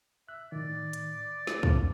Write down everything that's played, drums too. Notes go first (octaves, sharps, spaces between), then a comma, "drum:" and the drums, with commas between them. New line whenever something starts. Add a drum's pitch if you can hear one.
E5 F#6
A2 D#3 D5
drum: hi-hat
A3, drum: snare
drum: kick